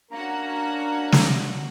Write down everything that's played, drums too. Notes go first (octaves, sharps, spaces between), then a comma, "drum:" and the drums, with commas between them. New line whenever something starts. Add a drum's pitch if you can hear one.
A#3 C#4 D4 F#4 A#4 F#5 A#5
drum: snare